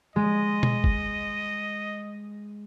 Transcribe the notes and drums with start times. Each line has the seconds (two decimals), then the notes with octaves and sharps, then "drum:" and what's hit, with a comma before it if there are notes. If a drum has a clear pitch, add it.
0.16 G#3 D#5
0.63 drum: tom B2
0.84 drum: kick